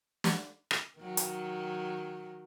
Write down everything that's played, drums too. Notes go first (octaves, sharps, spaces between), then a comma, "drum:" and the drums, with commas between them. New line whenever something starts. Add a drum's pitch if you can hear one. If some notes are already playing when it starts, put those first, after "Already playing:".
drum: snare
drum: rim click
D#3 F#3
drum: hi-hat